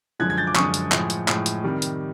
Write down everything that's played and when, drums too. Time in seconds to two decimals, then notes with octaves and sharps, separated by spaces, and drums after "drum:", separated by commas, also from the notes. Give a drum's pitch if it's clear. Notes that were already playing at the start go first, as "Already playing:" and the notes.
0.19 F#2 D3 F3 G#3 F#6 G#6
0.30 G#6
0.37 G6 A6
0.47 D6
0.55 F#2 D3 F3 G#3 C#6 D#6, drum: clap
0.74 drum: hi-hat
0.92 A2 F3 G#3, drum: clap
1.10 drum: hi-hat
1.28 A2 F3 G#3, drum: clap
1.46 drum: hi-hat
1.64 C3 D#3 G3
1.82 drum: hi-hat